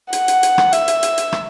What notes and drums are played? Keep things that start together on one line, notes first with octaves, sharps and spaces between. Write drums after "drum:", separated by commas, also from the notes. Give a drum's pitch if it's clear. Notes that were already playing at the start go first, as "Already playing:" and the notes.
F#5, drum: hi-hat
drum: hi-hat
drum: hi-hat
drum: rim click
E5, drum: hi-hat
drum: hi-hat
drum: hi-hat
drum: hi-hat
drum: rim click